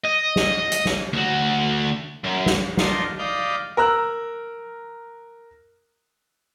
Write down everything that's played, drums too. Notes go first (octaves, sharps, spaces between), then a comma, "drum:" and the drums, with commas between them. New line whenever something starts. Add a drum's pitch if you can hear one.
D#5
drum: snare
drum: hi-hat
drum: snare
D2 F#4
F#2
drum: snare
D4 D#4 F4 A#4 C6, drum: snare
D5 D#5 F5 B5 G6
A#4 A#5 E6 F#6